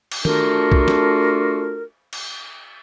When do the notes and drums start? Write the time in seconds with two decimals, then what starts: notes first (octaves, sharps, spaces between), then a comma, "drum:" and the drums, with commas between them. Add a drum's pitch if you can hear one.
0.11 drum: cymbal
0.25 A3 D4 F4 F#4 A4 A#4, drum: tom
0.72 drum: kick
0.88 drum: snare
2.13 drum: cymbal